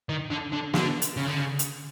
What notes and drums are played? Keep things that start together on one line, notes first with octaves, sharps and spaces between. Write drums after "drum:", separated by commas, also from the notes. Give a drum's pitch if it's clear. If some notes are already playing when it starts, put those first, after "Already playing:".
D#3
D3
D3
D3, drum: snare
drum: hi-hat
C#3
D3
C#3
drum: hi-hat